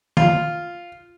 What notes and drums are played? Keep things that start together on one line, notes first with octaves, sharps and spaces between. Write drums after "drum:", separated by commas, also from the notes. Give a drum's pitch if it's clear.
F4, drum: tom